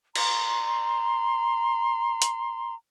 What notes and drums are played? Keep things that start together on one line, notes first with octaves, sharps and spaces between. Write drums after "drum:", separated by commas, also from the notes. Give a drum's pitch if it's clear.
A#5 C6, drum: cymbal
drum: hi-hat